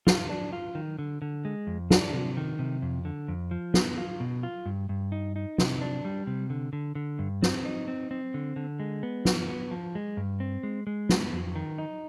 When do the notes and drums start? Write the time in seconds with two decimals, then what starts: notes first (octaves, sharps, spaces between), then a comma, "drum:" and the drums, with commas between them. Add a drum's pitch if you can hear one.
0.07 F4, drum: snare
0.29 D4
0.53 F4
0.75 D#3
0.99 D3
1.22 D3
1.45 G#3
1.67 F2
1.90 D4, drum: snare
2.13 C3
2.37 D#3
2.59 C3
2.82 F2
3.05 D3
3.28 F2
3.51 F3
3.74 B3, drum: snare
3.97 F4
4.20 B2
4.43 F4
4.66 G2
4.89 G2
5.12 D#4
5.36 D#4
5.58 C3, drum: snare
5.81 D4
6.05 G3
6.27 C3
6.50 D3
6.73 D3
6.95 D3
7.19 G2
7.42 C4, drum: snare
7.65 D#4
7.88 C4
8.11 C4
8.34 D3
8.56 D3
8.80 G#3
9.03 B3
9.25 F3, drum: snare
9.48 B3
9.71 F3
9.95 G#3
10.17 G2
10.40 C4
10.63 G#3
10.87 G#3
11.09 B3, drum: snare
11.33 F2
11.56 D#3
11.78 D#4